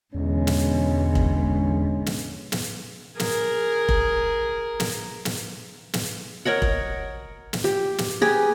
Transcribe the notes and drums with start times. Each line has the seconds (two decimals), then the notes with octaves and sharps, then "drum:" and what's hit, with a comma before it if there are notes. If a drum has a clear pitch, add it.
0.15 E2 G#2 B2 D3 G#3 C#4
0.47 drum: snare
1.15 drum: kick
2.06 drum: snare
2.52 drum: snare
3.19 G#4 A#4, drum: snare
3.89 drum: kick
4.80 drum: snare
5.25 drum: snare
5.93 drum: snare
6.45 A#4 C#5 D#5 F#5
6.62 drum: kick
7.53 drum: snare
7.64 G4
7.98 drum: snare
8.21 G4 G#4 B4